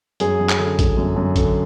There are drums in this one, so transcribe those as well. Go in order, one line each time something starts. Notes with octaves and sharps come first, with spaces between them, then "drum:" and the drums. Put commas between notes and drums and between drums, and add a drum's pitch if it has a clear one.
F#2 G#4, drum: hi-hat
F#2
drum: clap
D3
D3, drum: kick, hi-hat
F#2
F#2
D3, drum: kick, hi-hat